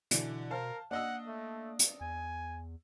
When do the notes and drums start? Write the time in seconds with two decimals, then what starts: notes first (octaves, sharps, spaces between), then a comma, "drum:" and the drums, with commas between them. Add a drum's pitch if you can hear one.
0.11 B2 D3 E3, drum: hi-hat
0.51 A#4 C5 F5 A5
0.91 A#3 D4 D#5 F#5 E6
1.27 A3
1.79 drum: hi-hat
2.01 E2 G#5